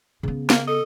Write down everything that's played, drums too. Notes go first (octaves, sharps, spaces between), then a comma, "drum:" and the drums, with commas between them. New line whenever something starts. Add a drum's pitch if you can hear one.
C#3 B3
A#3, drum: snare
A4 D#5